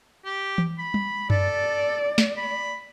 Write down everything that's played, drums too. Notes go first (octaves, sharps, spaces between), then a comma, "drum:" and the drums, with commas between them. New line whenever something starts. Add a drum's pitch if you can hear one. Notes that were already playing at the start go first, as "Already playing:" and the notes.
G4
drum: tom E3
B5
drum: tom G3
A4 D5, drum: tom F#2
drum: snare
B5